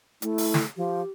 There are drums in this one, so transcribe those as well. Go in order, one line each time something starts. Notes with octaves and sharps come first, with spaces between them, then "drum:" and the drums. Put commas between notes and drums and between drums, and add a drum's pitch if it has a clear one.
A3 E4, drum: hi-hat
drum: open hi-hat
drum: snare
F3 G4